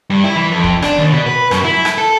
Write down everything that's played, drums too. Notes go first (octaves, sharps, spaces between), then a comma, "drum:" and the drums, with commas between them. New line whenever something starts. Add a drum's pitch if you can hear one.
G2
E4
E3
F2
drum: kick
D4, drum: rim click
D#2
B2
B4
F#2, drum: rim click
E4
drum: rim click
A4